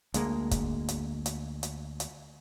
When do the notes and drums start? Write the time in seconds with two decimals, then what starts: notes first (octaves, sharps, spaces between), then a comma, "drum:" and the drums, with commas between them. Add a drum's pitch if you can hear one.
0.14 D2 G#3 A#3, drum: hi-hat
0.51 drum: kick, hi-hat
0.88 drum: hi-hat
1.26 drum: hi-hat
1.63 drum: hi-hat
2.00 drum: hi-hat